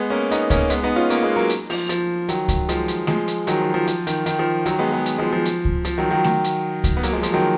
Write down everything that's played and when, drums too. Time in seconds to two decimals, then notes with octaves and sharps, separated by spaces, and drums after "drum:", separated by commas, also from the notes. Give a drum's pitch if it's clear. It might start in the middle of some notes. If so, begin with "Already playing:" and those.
Already playing: G#3 B3
0.10 A#3 C#4
0.31 B3 D#4, drum: hi-hat
0.50 A#3 C#4, drum: kick C#2, hi-hat
0.70 G#3 B3, drum: hi-hat
0.83 B3 D#4
0.96 C#4 F4
1.10 A#3 C#4, drum: hi-hat
1.22 G#3 B3
1.36 F#3 A#3
1.49 drum: hi-hat
1.70 F3, drum: open hi-hat
1.89 F3, drum: hi-hat
2.28 D#3 F#3, drum: hi-hat
2.48 drum: kick C#2, hi-hat
2.69 F3 G#3, drum: hi-hat
2.88 drum: hi-hat
3.07 F3 G#3, drum: snare A3
3.28 drum: hi-hat
3.47 D#3 F#3, drum: hi-hat
3.61 F3
3.74 F3
3.87 F3, drum: hi-hat
4.07 D#3, drum: hi-hat
4.26 D#3, drum: hi-hat
4.39 F3
4.66 D#3 F#3, drum: hi-hat
4.79 G#3 B3
4.92 G#3 B3
5.06 drum: hi-hat
5.18 F3 G#3
5.33 F3
5.45 drum: hi-hat
5.65 drum: kick C#2
5.85 F3, drum: hi-hat
5.98 D#3 F#3
6.11 D#3 F#3
6.24 drum: snare A3
6.44 drum: hi-hat
6.84 drum: kick C#2, hi-hat
6.97 B3
7.03 F#3 A#3, drum: hi-hat
7.13 F3 G#3
7.23 F3, drum: hi-hat
7.33 D#3 F#3